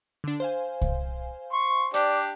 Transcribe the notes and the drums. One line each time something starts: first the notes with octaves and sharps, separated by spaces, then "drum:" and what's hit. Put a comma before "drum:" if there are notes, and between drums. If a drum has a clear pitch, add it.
D3 D4
C5 F5 G#5
drum: kick C2
C6 C#6
D4 G4 D5, drum: hi-hat